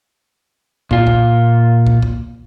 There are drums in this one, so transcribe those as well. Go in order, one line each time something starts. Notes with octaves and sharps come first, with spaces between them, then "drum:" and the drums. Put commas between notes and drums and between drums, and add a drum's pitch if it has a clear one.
A#2 F4, drum: kick
drum: kick
drum: kick
drum: kick